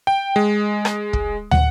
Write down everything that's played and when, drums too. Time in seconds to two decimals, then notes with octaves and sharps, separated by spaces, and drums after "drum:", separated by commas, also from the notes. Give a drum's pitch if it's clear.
0.07 G5
0.36 G#3
0.85 drum: rim click
1.13 drum: kick
1.51 F#5, drum: tom